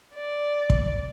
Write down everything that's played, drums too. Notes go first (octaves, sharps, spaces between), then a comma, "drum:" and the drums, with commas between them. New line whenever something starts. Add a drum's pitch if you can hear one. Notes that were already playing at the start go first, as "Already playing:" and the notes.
D5
drum: kick